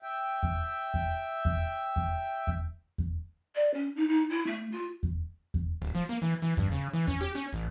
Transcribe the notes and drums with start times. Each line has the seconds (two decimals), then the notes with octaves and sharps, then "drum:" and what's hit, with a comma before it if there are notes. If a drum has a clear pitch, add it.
0.03 E5 G5
0.43 drum: kick E2
0.94 drum: kick E2
1.45 drum: kick E2
1.96 drum: kick E2
2.47 drum: kick E2
2.98 drum: kick E2
3.55 D5
3.74 C#4
3.96 D#4
4.08 D#4
4.30 E4
4.47 A3
4.72 F4
5.03 drum: kick E2
5.54 drum: kick E2
5.82 D1
5.95 F3
6.09 A#3
6.22 E3
6.42 E3
6.57 G2, drum: kick E2
6.72 C#3
6.93 E3
7.07 C#4, drum: kick E2
7.21 G4
7.35 C#4
7.53 A1